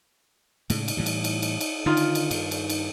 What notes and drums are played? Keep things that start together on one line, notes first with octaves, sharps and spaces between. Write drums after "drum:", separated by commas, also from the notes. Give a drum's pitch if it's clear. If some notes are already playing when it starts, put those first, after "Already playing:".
A2 C#3 G#3, drum: cymbal
drum: cymbal
A2 E3 G3
drum: cymbal
drum: cymbal
drum: cymbal
drum: cymbal
D3 D#3 D#4 F4
drum: cymbal
drum: cymbal
G2, drum: cymbal
drum: cymbal
drum: cymbal